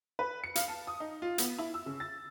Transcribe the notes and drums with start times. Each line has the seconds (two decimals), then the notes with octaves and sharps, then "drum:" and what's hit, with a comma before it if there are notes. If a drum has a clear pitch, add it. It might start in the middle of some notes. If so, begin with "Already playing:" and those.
0.19 B4
0.44 C#7
0.55 F5, drum: hi-hat
0.68 A5
0.87 D#6
1.00 D#4
1.22 F4
1.38 B3, drum: hi-hat
1.59 E4
1.74 E6
1.86 C#3
2.00 A6